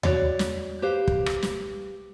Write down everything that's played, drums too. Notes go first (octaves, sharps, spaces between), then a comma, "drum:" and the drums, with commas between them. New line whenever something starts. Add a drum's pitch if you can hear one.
F#4 C#5 D5, drum: tom D#2
drum: snare
G4 B4 C5 F5
drum: kick
drum: rim click
drum: snare